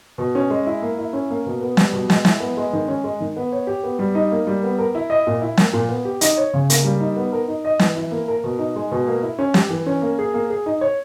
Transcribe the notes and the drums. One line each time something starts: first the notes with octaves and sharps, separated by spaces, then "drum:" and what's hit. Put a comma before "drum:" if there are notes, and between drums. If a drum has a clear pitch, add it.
B2
C#4
G#3
E4
A#3
E4
C#4
A#3
B2
B3
G3, drum: snare
B2
G#3, drum: snare
E4, drum: snare
B3
G#3
D#3
C#4
G#3
D#3
B3
C#5
G4
B3
G3
D#4
A#3
G3
B3
A#4
E4
D#5
A#2
E4
A#3, drum: snare
A#2
B3
G4
D#4, drum: hi-hat
C#5
C#3
A#3, drum: hi-hat
G3
D#4
B3
A#4
D#4
D#5
E3, drum: snare
E4
A#3
A#4
B2
D#4
G#3
B2
A#3
E4
C#4
G4, drum: snare
E3
C#4
A#3
G#4
A#3
G#4
D#4
C#5